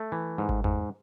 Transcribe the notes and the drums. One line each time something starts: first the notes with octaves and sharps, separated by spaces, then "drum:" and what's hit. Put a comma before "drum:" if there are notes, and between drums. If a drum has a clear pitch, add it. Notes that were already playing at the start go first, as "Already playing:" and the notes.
Already playing: A3
E3
G#2
drum: kick G#1
G#2, drum: tom E2